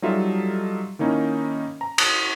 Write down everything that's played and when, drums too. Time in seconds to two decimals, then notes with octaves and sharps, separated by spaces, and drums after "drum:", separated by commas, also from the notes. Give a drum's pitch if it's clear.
0.02 F#3 G3 D#4 F4 A4 E5
0.99 D#3 A#3 C#4 D#4 E4
1.81 A#5
1.98 D#6 F#6 A6, drum: cymbal